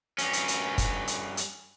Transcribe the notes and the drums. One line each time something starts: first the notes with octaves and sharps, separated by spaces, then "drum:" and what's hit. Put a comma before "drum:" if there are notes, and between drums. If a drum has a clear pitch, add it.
G2 C#4, drum: hi-hat
drum: hi-hat
drum: hi-hat
drum: kick, hi-hat
drum: hi-hat
drum: hi-hat